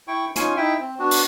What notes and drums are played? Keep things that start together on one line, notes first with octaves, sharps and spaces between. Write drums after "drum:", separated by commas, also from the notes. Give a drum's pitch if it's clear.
E4 G5 C#6
C#4 D#4 F4 G#5 C6 C#6, drum: hi-hat
D#4 E4 E5 G5
C4
B3 D4 F#4
drum: open hi-hat